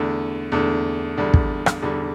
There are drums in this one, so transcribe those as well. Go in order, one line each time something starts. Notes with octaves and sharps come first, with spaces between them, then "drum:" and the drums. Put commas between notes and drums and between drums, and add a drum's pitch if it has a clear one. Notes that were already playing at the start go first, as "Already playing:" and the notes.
Already playing: E2 D3 A3 D4
E2 D3 A3 D4
E2 D3 G3
drum: kick
drum: rim click
E2 D3 G3